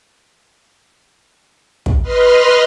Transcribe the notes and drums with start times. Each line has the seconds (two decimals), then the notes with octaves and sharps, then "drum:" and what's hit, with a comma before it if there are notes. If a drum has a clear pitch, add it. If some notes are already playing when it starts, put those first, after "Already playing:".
1.86 drum: kick
2.02 B4 D#5 C6 F6